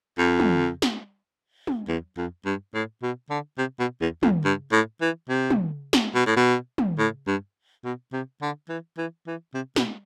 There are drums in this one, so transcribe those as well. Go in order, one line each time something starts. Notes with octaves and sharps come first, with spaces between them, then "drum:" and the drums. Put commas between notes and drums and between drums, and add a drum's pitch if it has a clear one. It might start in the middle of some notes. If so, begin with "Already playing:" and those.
F2
drum: tom
drum: snare
drum: tom
E2
F2
G2
A2
B2
D3
C3
B2
E2
F2, drum: tom
G2
A2
E3
C3
drum: tom
drum: snare
B2
A2
B2
drum: tom
A2
G2
B2
C3
D3
E3
E3
E3
C3
B2, drum: snare